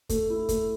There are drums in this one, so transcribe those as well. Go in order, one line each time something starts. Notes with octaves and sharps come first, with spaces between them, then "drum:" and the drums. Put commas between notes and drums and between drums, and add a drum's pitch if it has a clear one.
A3, drum: kick, hi-hat
E4
A3, drum: kick, hi-hat